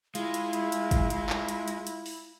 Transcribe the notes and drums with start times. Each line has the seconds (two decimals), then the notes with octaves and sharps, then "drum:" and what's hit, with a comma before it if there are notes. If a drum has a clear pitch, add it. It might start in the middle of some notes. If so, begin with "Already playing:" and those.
0.15 G#3 E4 F4, drum: hi-hat
0.34 drum: hi-hat
0.53 drum: hi-hat
0.72 drum: hi-hat
0.91 drum: kick, hi-hat
1.10 drum: hi-hat
1.29 drum: clap
1.49 drum: hi-hat
1.68 drum: hi-hat
1.87 drum: hi-hat
2.06 drum: open hi-hat